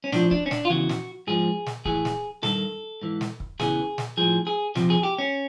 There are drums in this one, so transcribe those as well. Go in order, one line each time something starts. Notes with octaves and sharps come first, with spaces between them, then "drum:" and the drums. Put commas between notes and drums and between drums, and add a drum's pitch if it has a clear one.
C#4
A2 F3 D4, drum: snare
D4, drum: kick
C#4
D4, drum: snare
F4
E2 C#3 E3 F#4
drum: snare
G#2 F3 G#4
drum: snare
A2 E3 G#4, drum: kick
drum: snare
G2 D#3 A4, drum: snare
G#2 E3
drum: snare
drum: kick
E2 C#3 E3 G#4, drum: snare
drum: snare
A2 F3 G#4
G#4
F2 C3 F3, drum: snare
G#4
G4
C#4